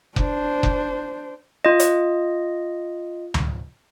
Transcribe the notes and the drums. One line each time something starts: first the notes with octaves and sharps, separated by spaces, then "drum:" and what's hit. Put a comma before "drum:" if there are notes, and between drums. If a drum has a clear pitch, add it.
D4 C5, drum: kick F1
drum: kick F1
F4 D#5
drum: hi-hat
drum: tom C#2